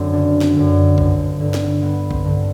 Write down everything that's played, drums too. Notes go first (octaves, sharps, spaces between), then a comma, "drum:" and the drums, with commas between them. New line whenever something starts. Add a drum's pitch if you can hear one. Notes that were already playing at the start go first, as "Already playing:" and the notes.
Already playing: F#2 D3 C4
F#1 D4
drum: snare
F#2 D3
G1, drum: kick B1
G2 D3
drum: snare
G1 B3
C4, drum: kick B1
G2 D3